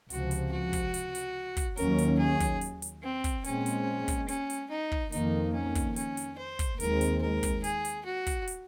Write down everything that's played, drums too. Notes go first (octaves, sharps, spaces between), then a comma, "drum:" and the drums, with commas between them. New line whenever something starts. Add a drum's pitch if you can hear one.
C#2 C3 F3 F#4, drum: hi-hat
drum: hi-hat
F#4
drum: kick, hi-hat
drum: hi-hat
drum: hi-hat
drum: kick, hi-hat
D#2 D#3 F#3 A#3 C#4 A#4, drum: hi-hat
drum: hi-hat
G#4
drum: kick, hi-hat
drum: hi-hat
drum: hi-hat
C4
drum: kick, hi-hat
A#2 G#3 C4 C#4, drum: hi-hat
drum: hi-hat
drum: kick, hi-hat
C#4, drum: hi-hat
drum: hi-hat
D#4
drum: kick
F2 D#3 A#3 D#4, drum: hi-hat
C#4
drum: kick, hi-hat
C#4, drum: hi-hat
drum: hi-hat
C5
drum: kick, hi-hat
D#2 D#3 G#3 C4 A#4, drum: hi-hat
drum: hi-hat
A#4
drum: kick, hi-hat
G#4, drum: hi-hat
drum: hi-hat
F#4
drum: kick, hi-hat
drum: hi-hat